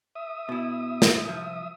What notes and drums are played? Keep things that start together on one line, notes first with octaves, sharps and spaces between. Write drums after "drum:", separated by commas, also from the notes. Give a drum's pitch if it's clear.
E5 D#6
B2 E4
drum: snare
C2 F3